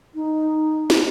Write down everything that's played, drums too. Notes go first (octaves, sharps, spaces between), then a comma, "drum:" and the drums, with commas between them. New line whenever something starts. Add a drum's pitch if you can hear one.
D#4
drum: snare